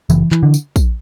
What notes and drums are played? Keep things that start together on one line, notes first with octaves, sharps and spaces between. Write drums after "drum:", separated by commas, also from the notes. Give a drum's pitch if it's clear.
F#1 E3, drum: tambourine
E3, drum: clap
D3
drum: tambourine
drum: kick, tambourine